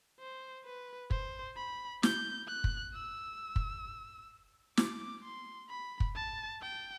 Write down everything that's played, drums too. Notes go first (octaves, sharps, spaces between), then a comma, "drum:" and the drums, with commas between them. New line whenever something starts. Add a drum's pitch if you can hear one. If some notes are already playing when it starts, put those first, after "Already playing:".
C5
B4
C5, drum: kick
B5
G6, drum: snare
F#6
drum: kick
E6
drum: kick
D6, drum: snare
C6
B5
drum: kick
A5
G5